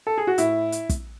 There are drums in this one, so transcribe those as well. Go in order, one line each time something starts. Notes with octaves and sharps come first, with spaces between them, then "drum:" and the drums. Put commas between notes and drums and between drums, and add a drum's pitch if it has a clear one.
A4
G#4
F#4
A2 E4, drum: hi-hat
drum: hi-hat
drum: kick, hi-hat